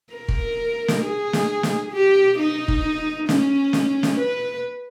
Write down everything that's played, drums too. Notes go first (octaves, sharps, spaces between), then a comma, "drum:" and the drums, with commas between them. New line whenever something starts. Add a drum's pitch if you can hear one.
A#4
drum: kick
drum: snare
G#4
drum: snare
drum: snare
G4
D#4
drum: kick
C#4, drum: snare
drum: snare
drum: snare
B4